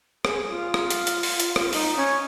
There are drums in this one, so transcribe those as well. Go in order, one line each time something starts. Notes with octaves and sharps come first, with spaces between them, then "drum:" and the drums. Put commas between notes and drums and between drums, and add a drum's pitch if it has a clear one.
G#4, drum: rim click
F4
drum: rim click
drum: hi-hat
drum: hi-hat
drum: open hi-hat
drum: hi-hat
drum: rim click
D#4, drum: open hi-hat
C#4